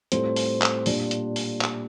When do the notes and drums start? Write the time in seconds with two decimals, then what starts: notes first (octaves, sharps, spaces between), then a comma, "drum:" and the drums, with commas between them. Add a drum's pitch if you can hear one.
0.12 A2 G3 C4 F4 A4, drum: hi-hat
0.36 drum: open hi-hat
0.61 drum: clap
0.86 A#2 G3 D4 F4, drum: open hi-hat
1.11 drum: hi-hat
1.36 drum: open hi-hat
1.61 drum: clap